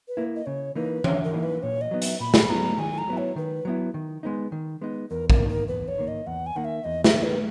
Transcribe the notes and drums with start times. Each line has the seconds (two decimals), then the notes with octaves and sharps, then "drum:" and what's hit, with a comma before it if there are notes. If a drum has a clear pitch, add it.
0.08 B4
0.17 A#3 E4
0.36 D#5
0.46 C#3 C#5
0.75 E3 A#3 D#4 B4
1.04 C#3 C#5, drum: tom E3
1.24 A#4
1.33 E3 A#3 D#4
1.43 B4
1.63 A#2 C#5
1.81 D#5
1.91 F#3 B3 D#4
2.02 E5, drum: hi-hat
2.20 A#2 B5
2.34 drum: snare
2.50 F#3 B3 D#4 A#5
2.78 D#3 G#5
2.98 A#5
3.08 F#3 B3 E4
3.18 C#5
3.36 D#3 B4
3.65 F#3 B3 E4
3.94 D#3
4.23 G#3 B3 D#4
4.52 D#3
4.81 G#3 B3 D#4
5.10 E2 A#4
5.30 A#4, drum: kick
5.40 D#3 A#3
5.49 A#4
5.68 E2 B4
5.88 C#5
5.98 D#3 A#3
6.08 D#5
6.26 E2 F#5
6.46 G#5
6.56 D#3 A#3 F#5
6.65 E5
6.84 E2 D#5
7.04 E5, drum: snare
7.14 D#3 A#3
7.23 B4